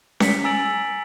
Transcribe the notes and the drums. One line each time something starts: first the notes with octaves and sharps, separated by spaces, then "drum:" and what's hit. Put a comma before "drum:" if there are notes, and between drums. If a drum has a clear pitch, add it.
B6 C#7, drum: snare C#4
G#5 A#5 E6 A6 D7 F#7